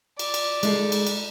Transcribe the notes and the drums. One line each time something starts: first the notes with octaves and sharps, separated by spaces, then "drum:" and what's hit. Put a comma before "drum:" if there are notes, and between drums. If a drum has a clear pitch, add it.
D5, drum: cymbal
drum: cymbal
G#3 D#4 A4, drum: cymbal
drum: cymbal
drum: cymbal